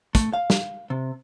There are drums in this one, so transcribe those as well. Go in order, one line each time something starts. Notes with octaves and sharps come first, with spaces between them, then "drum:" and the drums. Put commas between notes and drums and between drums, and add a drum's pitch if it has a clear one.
A3, drum: kick, hi-hat
F5
drum: snare
C3